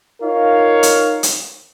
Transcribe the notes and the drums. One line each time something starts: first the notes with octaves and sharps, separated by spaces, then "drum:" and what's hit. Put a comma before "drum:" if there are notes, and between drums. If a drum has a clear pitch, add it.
D#4 F4 A#4 C#5 F5
drum: hi-hat
drum: hi-hat